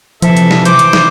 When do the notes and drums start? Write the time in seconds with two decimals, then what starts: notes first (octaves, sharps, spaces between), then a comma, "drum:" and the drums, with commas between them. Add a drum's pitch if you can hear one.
0.22 C3 E3 F3 A4 E5, drum: hi-hat
0.37 drum: hi-hat
0.51 drum: snare
0.65 C5 D6, drum: hi-hat
0.79 drum: hi-hat
0.93 drum: snare